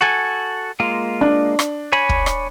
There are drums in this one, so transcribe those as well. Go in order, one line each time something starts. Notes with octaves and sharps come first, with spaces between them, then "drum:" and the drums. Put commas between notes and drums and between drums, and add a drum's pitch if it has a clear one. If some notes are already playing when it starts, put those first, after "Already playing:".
F#4 A4 G#5
G#3 A#3 F4
D4
drum: rim click
C#5 G#5 B5
drum: kick
drum: rim click